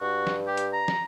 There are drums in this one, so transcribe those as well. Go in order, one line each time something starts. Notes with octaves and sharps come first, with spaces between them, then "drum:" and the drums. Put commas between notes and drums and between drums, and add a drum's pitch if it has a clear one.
G2 F#4
drum: snare
G4
drum: hi-hat
A#5
drum: snare